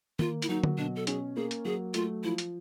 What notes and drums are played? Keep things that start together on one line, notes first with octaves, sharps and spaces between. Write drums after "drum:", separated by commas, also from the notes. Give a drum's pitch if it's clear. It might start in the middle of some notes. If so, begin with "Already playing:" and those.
A#3 F4, drum: tom D#3
E4, drum: hi-hat
F#3 D#4
drum: tom D3
B2 D4
A4
C#4 G#4, drum: hi-hat
A#3 G#4
drum: hi-hat
F#3 G#4
A3 F4, drum: hi-hat
F3 E4
drum: hi-hat